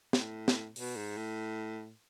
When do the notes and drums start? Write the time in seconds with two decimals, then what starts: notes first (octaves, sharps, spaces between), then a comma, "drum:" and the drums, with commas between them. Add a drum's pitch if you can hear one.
0.13 A2, drum: snare
0.48 drum: snare
0.76 B2, drum: open hi-hat
0.96 G#2
1.17 A2